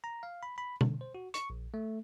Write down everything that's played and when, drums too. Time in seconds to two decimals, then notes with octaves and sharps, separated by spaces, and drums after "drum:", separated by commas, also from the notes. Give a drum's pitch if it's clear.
0.04 A#5
0.23 F5
0.43 B5
0.58 B5
0.81 D3, drum: tom B2
1.01 C5
1.15 F#4
1.34 C#6, drum: hi-hat
1.50 A#1
1.74 A3